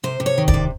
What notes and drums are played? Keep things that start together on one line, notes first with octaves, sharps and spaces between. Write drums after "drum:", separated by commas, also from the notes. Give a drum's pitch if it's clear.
C3 C5
C3
C#5
D#3
D5, drum: kick
C3